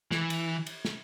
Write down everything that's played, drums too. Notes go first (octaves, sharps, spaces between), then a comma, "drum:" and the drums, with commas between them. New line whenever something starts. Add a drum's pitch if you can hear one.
E3, drum: snare
drum: cymbal
drum: cymbal
drum: snare